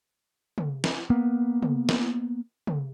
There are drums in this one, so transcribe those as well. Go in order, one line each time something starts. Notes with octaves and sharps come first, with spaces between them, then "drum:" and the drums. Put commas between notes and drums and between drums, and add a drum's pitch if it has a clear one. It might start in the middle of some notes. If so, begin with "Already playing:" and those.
drum: tom
drum: snare
A#3 B3
drum: tom
drum: snare
drum: tom